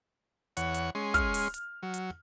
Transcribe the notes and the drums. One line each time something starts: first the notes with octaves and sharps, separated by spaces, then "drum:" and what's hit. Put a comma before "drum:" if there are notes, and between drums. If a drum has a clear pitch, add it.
E2 C#5 F#5, drum: hi-hat
drum: hi-hat
G#3 C#4 C6
F6, drum: kick, hi-hat
drum: open hi-hat
drum: hi-hat
F#3
drum: hi-hat